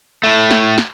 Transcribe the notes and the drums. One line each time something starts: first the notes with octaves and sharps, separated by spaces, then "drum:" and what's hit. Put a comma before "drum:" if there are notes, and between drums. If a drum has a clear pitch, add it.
A2 A3
drum: snare
drum: snare